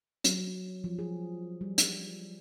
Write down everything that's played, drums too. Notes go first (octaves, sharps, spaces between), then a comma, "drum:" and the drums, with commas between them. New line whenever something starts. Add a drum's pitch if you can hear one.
F#3, drum: hi-hat
F3
G#4
G3
drum: hi-hat